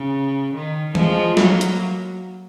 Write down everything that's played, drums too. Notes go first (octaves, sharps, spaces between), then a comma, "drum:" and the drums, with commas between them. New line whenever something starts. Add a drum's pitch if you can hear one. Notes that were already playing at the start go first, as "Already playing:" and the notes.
Already playing: C#3
D#3
F3 G#3, drum: tom E3
F#3 A#3, drum: snare
drum: hi-hat